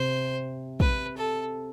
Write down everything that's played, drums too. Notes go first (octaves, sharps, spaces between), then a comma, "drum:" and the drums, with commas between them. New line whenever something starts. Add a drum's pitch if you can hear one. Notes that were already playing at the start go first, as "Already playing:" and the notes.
Already playing: C3 C5
B4, drum: kick
A4